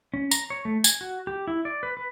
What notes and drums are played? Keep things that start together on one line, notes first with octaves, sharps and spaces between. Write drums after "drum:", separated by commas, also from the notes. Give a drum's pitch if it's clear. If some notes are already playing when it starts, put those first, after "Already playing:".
C#4
A#5, drum: tambourine
C#5
A3
G#5, drum: tambourine
F#4
G4
E4
D5
B4
B4